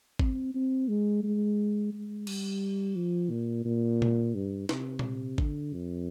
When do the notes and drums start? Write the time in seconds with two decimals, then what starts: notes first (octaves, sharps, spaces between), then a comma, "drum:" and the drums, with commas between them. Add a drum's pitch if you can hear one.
0.19 C4, drum: kick
0.54 C4
0.88 G#3
1.23 G#3
1.93 G#3
2.27 G3, drum: cymbal
2.95 F3
3.30 A#2
3.65 A#2
4.02 drum: tom A#2
4.35 G2
4.69 C3, drum: snare
4.99 drum: tom A#2
5.38 D3, drum: kick
5.73 F2